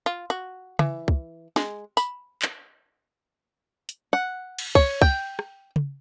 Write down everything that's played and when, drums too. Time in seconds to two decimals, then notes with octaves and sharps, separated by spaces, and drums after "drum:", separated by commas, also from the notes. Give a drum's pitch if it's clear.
0.06 F4
0.30 F#4
0.79 E3, drum: tom C#3
1.08 drum: kick
1.56 G#3, drum: snare
1.97 B5, drum: tambourine
2.42 drum: clap
3.89 drum: hi-hat
4.13 F#5
4.58 drum: cymbal
4.75 C#5, drum: kick
5.02 G5, drum: kick
5.39 drum: rim click
5.76 drum: tom C#3